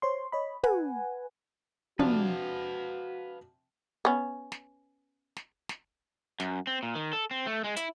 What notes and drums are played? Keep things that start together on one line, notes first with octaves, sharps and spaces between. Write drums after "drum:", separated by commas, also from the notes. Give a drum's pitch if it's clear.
C5 C#5 C6
C#5 D#5 B5
B4 F#5 G#5, drum: tom
C3 F3 D4 F#4 B4 F5, drum: tom
B3 C#4
drum: snare
drum: snare
drum: snare
F#2, drum: snare
C4
A#2
D#3
A4
C4
A3
G#3
E4, drum: hi-hat